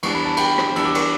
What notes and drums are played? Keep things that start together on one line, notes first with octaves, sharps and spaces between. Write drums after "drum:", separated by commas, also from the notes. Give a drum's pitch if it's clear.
E3 G3 B3 D4 C#6, drum: cymbal
B5
A5
G5 B5, drum: cymbal
drum: rim click
E3 G3 B3 D4 E6, drum: cymbal
D6
C#6, drum: cymbal